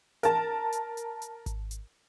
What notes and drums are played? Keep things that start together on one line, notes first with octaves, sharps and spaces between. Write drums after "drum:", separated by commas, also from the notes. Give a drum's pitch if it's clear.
A#4 A5, drum: hi-hat
drum: hi-hat
drum: hi-hat
drum: hi-hat
drum: kick G#1, hi-hat
drum: hi-hat